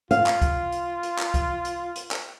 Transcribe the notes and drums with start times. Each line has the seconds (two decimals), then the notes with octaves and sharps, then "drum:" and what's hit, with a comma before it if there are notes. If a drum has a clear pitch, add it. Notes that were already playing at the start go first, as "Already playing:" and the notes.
0.11 F4 F5, drum: hi-hat
0.26 drum: clap
0.42 drum: kick, hi-hat
0.72 drum: hi-hat
1.03 drum: hi-hat
1.19 drum: clap
1.34 drum: kick, hi-hat
1.65 drum: hi-hat
1.96 drum: hi-hat
2.11 drum: clap